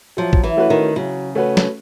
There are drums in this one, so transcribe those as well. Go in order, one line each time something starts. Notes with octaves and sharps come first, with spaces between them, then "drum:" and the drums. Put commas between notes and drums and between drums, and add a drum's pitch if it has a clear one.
F3 F#3
drum: kick
E3
A3 C#4 F#4 B4
D#3
C#3 F#3
A3 C#4 F#4 B4
drum: snare